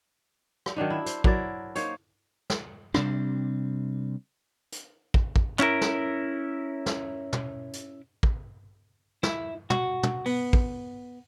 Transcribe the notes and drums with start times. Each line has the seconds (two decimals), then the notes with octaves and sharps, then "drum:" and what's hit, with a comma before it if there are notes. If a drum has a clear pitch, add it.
0.66 drum: rim click
0.76 D#3 F#3 D4 D#4
0.90 E4
1.06 C5, drum: hi-hat
1.24 F#3 E4 A#4 D5, drum: kick
1.75 A#3 D#4 C5 C#5, drum: hi-hat
2.50 drum: snare
2.94 C3 G3 C4 D4, drum: rim click
4.72 drum: hi-hat
5.14 drum: kick
5.36 drum: kick
5.59 C#4 E4 A#4, drum: clap
5.81 drum: snare
6.86 drum: snare
7.33 drum: tom
7.73 drum: hi-hat
8.23 drum: kick
9.23 E4, drum: snare
9.70 F#4, drum: tom
10.03 drum: tom
10.26 B3, drum: open hi-hat
10.53 drum: kick